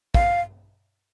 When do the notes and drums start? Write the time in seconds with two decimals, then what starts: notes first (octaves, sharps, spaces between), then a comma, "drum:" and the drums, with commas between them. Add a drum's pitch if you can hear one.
0.14 F5, drum: kick